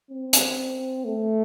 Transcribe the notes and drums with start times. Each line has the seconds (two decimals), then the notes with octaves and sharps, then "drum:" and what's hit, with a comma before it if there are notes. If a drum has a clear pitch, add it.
0.11 C4
0.33 drum: hi-hat
1.05 A3